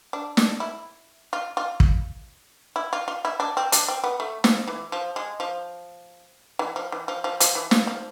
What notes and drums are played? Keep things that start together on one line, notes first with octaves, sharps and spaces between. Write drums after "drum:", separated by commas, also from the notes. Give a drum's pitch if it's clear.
D4
D4, drum: snare
E4
F4
F4
drum: kick
E4
F4
F4
E4
D4
C4
D4, drum: hi-hat
C4
B3
A3
F3, drum: snare
E3
F3
G#3
F3
E3
F3
E3
F3
F3
F3, drum: hi-hat
E3
F3, drum: snare
F3